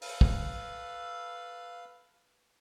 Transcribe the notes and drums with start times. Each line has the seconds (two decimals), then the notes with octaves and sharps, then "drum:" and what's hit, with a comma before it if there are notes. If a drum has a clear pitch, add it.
0.02 A4 B4 F5, drum: open hi-hat
0.21 drum: kick